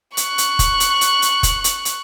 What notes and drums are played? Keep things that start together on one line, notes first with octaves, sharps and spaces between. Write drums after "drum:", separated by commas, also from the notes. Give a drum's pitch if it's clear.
C#6 F#6, drum: hi-hat
drum: hi-hat
drum: kick, hi-hat
drum: hi-hat
drum: hi-hat
drum: hi-hat
drum: kick, hi-hat
drum: hi-hat
drum: hi-hat